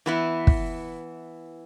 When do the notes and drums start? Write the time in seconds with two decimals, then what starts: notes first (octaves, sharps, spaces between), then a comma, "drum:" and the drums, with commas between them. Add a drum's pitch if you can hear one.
0.06 E3 B3 E4
0.47 drum: kick